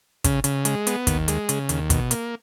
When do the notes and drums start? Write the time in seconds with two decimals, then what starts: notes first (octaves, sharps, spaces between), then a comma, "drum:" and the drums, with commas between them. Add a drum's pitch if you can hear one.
0.24 C#3, drum: kick, hi-hat
0.44 C#3, drum: hi-hat
0.65 G#3, drum: hi-hat
0.87 B3, drum: hi-hat
1.07 D#2, drum: kick, hi-hat
1.28 G#3, drum: hi-hat
1.49 C#3, drum: hi-hat
1.69 D#2, drum: hi-hat
1.90 B2, drum: kick, hi-hat
2.11 A#3, drum: hi-hat